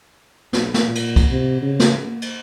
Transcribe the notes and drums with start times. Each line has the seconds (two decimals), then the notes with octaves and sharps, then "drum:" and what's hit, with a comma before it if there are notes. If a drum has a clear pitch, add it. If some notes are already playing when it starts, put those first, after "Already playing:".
0.53 B1, drum: snare
0.74 drum: snare
0.85 A#2
0.95 drum: cymbal
1.16 drum: kick, cymbal
1.29 C3
1.62 C#3
1.80 drum: snare
2.06 A#3
2.22 drum: cymbal